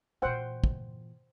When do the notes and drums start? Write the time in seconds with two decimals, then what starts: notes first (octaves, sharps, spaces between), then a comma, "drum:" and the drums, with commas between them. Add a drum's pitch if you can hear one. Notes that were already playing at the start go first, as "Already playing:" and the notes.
0.22 A#2 E3 C5 F#5 G5
0.64 drum: kick